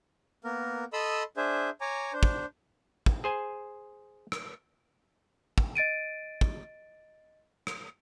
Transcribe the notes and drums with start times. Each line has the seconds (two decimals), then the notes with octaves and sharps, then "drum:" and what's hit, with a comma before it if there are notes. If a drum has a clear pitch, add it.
0.44 A#3 B3 A#4
0.93 A4 D#5 B5 C6 D#6 E6
1.37 D4 G#4 C5 E5
1.81 C#5 G#5 A#5 D6
2.13 D4 C5
2.23 drum: kick
3.06 drum: kick
3.24 G#4 C5 G#5
4.32 drum: rim click
5.58 drum: kick
5.75 D#5 A6 D7 D#7
6.41 drum: kick
7.67 drum: rim click